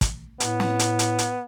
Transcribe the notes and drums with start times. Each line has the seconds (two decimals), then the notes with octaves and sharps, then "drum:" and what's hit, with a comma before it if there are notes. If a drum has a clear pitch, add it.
0.01 drum: kick, hi-hat
0.40 A2 B3, drum: hi-hat
0.60 drum: snare
0.79 drum: hi-hat
0.99 drum: hi-hat
1.19 drum: hi-hat